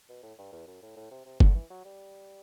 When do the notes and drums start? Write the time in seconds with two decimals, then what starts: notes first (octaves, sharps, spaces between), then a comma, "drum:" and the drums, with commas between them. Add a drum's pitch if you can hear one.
0.09 B2
0.23 A2
0.38 G2
0.52 E2
0.67 F#2
0.82 A2
0.96 A2
1.11 C3
1.25 C3
1.40 D3, drum: kick
1.55 E3
1.70 F#3
1.85 G3